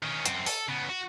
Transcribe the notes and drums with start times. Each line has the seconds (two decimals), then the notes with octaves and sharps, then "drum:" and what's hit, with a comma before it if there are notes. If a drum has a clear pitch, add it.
0.02 D#3 C#4
0.26 F#2 C4, drum: hi-hat
0.46 A4, drum: open hi-hat
0.68 C#3 B3
0.89 F#4